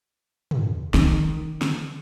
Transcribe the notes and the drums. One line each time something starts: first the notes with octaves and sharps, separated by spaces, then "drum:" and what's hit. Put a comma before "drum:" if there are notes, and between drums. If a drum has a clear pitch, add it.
drum: tom
D#3, drum: snare
drum: snare